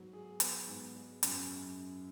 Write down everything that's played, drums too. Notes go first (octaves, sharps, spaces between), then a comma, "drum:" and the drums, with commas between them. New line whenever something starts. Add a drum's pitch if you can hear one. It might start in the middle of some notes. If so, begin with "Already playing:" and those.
Already playing: G#2 F#3 B3
G#4
B3, drum: hi-hat
G#2
G#3
F#2, drum: hi-hat